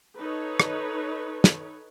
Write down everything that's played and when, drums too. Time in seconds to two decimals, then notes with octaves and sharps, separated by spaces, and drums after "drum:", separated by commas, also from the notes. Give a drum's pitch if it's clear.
0.19 D#4 A4 B4 C#5
0.60 drum: rim click
1.44 drum: snare